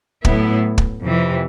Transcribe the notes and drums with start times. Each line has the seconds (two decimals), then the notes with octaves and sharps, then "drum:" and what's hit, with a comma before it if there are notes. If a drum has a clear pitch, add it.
0.25 A2 F#3 B3 E4, drum: kick
0.78 drum: kick
1.04 F2 C3 E3